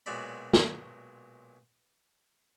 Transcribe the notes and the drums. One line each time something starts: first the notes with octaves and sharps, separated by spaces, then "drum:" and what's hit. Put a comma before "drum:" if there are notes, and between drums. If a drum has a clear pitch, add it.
B1 A#2 F#3 G#3 D5 B5
drum: snare